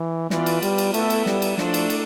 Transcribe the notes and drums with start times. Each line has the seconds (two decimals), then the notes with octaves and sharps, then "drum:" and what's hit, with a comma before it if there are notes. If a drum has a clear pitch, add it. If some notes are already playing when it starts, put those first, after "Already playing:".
Already playing: E3
0.30 E3 B3 F4 B4 D5, drum: snare
0.46 drum: cymbal
0.62 G3, drum: cymbal
0.78 drum: cymbal
0.94 A3 B3 E4 A4, drum: cymbal
1.10 drum: cymbal
1.26 G3, drum: snare
1.42 drum: cymbal
1.58 F3 A3 D4 A4 D5, drum: snare
1.74 drum: cymbal
1.90 drum: cymbal